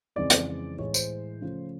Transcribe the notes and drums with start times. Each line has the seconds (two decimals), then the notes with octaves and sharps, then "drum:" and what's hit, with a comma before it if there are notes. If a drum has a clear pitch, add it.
0.16 F2 C#3 E3 G#3 C4 D5
0.30 drum: hi-hat
0.79 A2 E3 G#3 C#5
0.94 C5, drum: tambourine
1.41 C#3 F3 A3 C#4